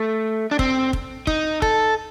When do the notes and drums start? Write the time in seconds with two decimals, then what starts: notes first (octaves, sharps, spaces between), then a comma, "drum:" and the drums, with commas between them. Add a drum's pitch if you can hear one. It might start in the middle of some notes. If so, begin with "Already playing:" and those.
Already playing: A3
0.51 D4
0.59 C4, drum: kick
0.93 drum: kick
1.27 D#4, drum: kick
1.62 A4, drum: kick